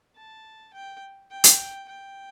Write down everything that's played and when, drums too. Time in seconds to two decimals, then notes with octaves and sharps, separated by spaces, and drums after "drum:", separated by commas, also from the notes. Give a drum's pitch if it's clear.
0.16 A5
0.73 G5
1.31 G5
1.44 drum: hi-hat
1.88 G5